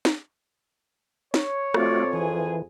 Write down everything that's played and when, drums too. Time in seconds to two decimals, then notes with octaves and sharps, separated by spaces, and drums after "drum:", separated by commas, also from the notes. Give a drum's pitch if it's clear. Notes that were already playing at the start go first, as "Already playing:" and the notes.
0.05 drum: snare
1.34 C#5, drum: snare
1.74 F2 A3 C4 F4 F#4 D5, drum: rim click
2.13 E3 G#4 G#5